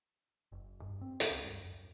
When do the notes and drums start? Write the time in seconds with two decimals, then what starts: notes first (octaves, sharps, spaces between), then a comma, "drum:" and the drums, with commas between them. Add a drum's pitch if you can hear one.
0.52 F#1
0.82 G2
1.01 C4
1.20 drum: hi-hat
1.31 C#2
1.44 G2
1.64 F#2